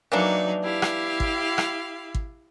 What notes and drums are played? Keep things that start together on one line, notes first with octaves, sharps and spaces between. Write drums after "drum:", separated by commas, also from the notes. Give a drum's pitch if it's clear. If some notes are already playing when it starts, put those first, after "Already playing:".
E3 F#3 A#3 D4 D#4
E4 G4 F5
drum: rim click
drum: kick
drum: rim click
drum: kick